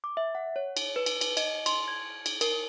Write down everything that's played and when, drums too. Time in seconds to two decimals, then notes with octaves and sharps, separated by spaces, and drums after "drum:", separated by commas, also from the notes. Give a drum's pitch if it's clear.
0.04 D6
0.17 E5
0.35 F#5
0.56 C#5
0.77 drum: cymbal
0.96 B4
1.06 drum: cymbal
1.21 drum: cymbal
1.37 D#5, drum: cymbal
1.66 C6, drum: cymbal
1.88 G#6
2.26 drum: cymbal
2.41 A#4, drum: cymbal